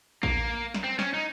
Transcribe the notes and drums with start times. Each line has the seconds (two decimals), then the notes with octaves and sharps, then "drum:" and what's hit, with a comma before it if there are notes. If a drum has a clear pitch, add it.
0.23 A#3, drum: kick
0.74 drum: snare
0.84 C4
0.99 C#4, drum: snare
1.14 D#4